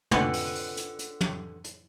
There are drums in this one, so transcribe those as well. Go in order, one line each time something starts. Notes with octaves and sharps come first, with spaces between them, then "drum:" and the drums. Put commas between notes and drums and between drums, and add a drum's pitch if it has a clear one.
D3 C4 F4 B4 F#5 G#5, drum: tom
drum: open hi-hat
drum: open hi-hat
drum: hi-hat
drum: hi-hat
drum: tom
drum: hi-hat